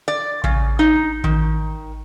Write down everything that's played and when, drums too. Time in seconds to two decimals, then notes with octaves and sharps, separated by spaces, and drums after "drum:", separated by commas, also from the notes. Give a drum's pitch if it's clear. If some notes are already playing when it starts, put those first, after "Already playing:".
0.08 D5
0.44 C#3, drum: kick A1
0.79 D#4
1.24 D#3, drum: kick A1